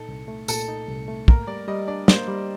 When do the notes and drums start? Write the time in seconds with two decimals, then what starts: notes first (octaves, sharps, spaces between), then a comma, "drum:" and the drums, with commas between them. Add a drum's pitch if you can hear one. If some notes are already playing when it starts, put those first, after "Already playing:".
Already playing: A#2 D#4 A4
0.08 C2
0.28 A3
0.48 A#2 A4, drum: tambourine
0.68 D#4
0.88 C2
1.08 A3
1.28 A#3 A#4, drum: kick
1.47 G3 D5
1.68 G3 D#5
1.88 D4 D5
2.08 A#3 C5, drum: snare
2.28 G3